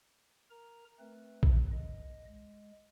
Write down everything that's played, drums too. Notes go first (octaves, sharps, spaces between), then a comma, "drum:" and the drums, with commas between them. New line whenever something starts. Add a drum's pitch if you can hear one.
A#4 A#5
A3 C4 B4
drum: kick A#1
D#5
G#3